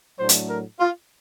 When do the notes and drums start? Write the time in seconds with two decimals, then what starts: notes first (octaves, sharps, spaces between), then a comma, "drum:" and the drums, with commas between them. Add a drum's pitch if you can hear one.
0.18 A2 F#3 A3 D4 C5
0.29 drum: hi-hat
0.49 A#4
0.80 F4